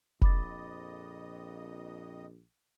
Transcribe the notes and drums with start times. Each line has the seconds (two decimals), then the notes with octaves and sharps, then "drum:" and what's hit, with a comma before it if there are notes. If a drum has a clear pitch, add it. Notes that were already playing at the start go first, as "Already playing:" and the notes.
0.21 A#1 F2 D#5 B5 D6 A6, drum: kick F1